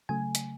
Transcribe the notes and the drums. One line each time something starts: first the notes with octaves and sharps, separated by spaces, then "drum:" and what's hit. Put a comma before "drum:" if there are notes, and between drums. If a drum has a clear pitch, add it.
C#3 F#3 A3 G#5
drum: hi-hat